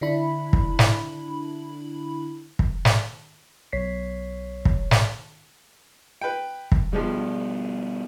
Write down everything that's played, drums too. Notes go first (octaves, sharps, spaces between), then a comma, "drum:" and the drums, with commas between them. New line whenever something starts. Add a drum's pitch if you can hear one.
D3 D4 E4 B5
drum: kick
drum: snare
drum: kick
drum: snare
B1 C#5 B6 C7
drum: kick
drum: snare
B4 G5
drum: kick
G2 B2 F3 G3 G#3